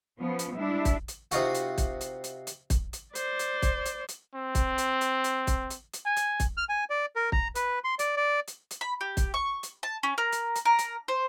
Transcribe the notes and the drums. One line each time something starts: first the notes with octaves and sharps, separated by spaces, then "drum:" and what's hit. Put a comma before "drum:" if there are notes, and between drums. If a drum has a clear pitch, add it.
F3 B3 C#4
drum: hi-hat
G3 G#3 D4 E4 E5
drum: kick, hi-hat
drum: hi-hat
C3 D#4 F4 F#4, drum: hi-hat
drum: hi-hat
drum: kick, hi-hat
drum: hi-hat
drum: hi-hat
drum: hi-hat
drum: kick, hi-hat
drum: hi-hat
C5 D5, drum: hi-hat
drum: hi-hat
drum: kick, hi-hat
drum: hi-hat
drum: hi-hat
C4
drum: kick, hi-hat
drum: hi-hat
drum: hi-hat
drum: hi-hat
drum: kick, hi-hat
drum: hi-hat
drum: hi-hat
G#5
drum: hi-hat
drum: kick, hi-hat
F6
G#5
D5
A#4
A#5, drum: kick
B4, drum: hi-hat
C6
D5, drum: hi-hat
D5
drum: hi-hat
drum: hi-hat
B5
G4
drum: kick, hi-hat
C#6
drum: hi-hat
A5
C#4
A#4
drum: hi-hat
drum: hi-hat
A#4
drum: hi-hat
C5